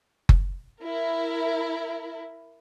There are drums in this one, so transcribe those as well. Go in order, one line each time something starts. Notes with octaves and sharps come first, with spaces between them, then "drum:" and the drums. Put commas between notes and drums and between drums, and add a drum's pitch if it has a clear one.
drum: kick F#1
E4 A#4